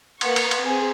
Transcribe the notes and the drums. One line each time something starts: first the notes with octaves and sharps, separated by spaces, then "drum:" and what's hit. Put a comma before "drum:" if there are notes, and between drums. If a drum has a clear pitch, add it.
A#3 B4 F#5 C#6, drum: cymbal
drum: cymbal
drum: cymbal
C4 G#4